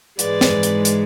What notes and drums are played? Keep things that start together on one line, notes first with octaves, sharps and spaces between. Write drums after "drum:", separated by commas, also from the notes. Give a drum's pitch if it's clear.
G#2 E3 G#3 B4 D5, drum: hi-hat
drum: snare
drum: hi-hat
drum: hi-hat